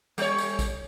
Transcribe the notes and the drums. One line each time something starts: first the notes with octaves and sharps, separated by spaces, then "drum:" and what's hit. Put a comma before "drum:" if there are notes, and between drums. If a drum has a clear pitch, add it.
G3 C#5, drum: tambourine
drum: tambourine
drum: kick A#1, tambourine